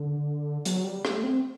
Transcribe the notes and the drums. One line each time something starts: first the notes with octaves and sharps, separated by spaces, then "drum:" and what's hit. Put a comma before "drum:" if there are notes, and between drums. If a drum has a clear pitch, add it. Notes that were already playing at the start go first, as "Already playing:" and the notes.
Already playing: D3
F#3, drum: hi-hat
G3
A3, drum: rim click
C4